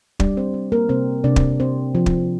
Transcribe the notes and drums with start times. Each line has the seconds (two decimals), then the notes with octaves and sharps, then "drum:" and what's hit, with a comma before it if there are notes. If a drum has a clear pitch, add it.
0.20 G3 D4 D5, drum: kick
0.37 C4 C5
0.54 C4
0.72 A#3 A#4
0.89 C3 C4 C5
1.24 C3 D4 D5
1.36 drum: kick
1.60 C4 C5
1.95 F3
2.06 drum: kick